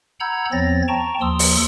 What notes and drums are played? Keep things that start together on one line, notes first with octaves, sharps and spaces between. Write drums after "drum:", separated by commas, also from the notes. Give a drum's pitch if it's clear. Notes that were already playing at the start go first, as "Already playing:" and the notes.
F#5 A#5 B5 E6 G6 G#6
E2 F3 C4 C#5 A6 A#6
G5 A5 A#5 C#6
D#2 F3 C6 D#6 E6
drum: open hi-hat